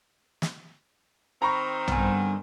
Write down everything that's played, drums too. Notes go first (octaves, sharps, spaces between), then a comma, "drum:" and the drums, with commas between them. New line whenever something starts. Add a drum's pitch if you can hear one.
drum: snare
D#3 C4 A#5 B5 C#6
G2 D3 B3 G#5, drum: tom A#1